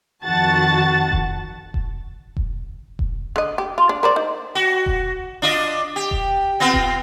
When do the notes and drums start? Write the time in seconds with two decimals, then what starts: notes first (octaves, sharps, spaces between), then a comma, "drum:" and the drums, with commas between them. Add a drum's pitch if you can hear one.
0.25 F2 D#3 F#4 F#5 A5 A6
1.12 drum: kick E1
1.74 drum: kick E1
2.37 drum: kick E1
2.99 drum: kick E1
3.36 D3 D#5
3.58 G4
3.78 F4
3.89 D4
4.03 A#4 C5 D5
4.16 D#4
4.55 F#4
4.86 drum: kick E1
5.42 D4 F4 D#5
5.96 G4
6.11 drum: kick E1
6.60 B3 C4 F4
6.74 drum: kick E1